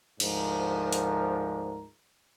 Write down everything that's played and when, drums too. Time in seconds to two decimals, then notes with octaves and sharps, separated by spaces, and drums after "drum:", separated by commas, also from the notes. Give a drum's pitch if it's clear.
0.20 D2 G#2 F3 D4 A#4, drum: cymbal
0.93 drum: hi-hat